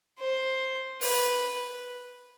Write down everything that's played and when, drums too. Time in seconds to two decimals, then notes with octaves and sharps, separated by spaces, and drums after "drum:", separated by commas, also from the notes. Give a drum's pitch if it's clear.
0.20 C5
1.01 B4, drum: open hi-hat